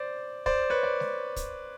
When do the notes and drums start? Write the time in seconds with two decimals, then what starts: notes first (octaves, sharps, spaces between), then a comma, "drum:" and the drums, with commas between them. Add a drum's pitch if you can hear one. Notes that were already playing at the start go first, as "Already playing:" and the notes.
Already playing: C5 D5
0.46 C5 D5, drum: kick
0.70 B4 C#5
0.83 D5
1.00 drum: snare G#3
1.36 drum: kick, hi-hat